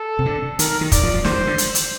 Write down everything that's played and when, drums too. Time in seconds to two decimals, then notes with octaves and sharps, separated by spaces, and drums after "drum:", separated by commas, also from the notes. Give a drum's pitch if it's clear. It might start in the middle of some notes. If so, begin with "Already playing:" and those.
Already playing: A4
0.19 C3
0.26 D3
0.59 D#3 A#4, drum: hi-hat
0.81 D#3
0.92 D5, drum: kick, hi-hat
1.03 F3
1.14 F3
1.24 D#3 C5, drum: snare
1.47 D3
1.58 drum: hi-hat
1.75 drum: hi-hat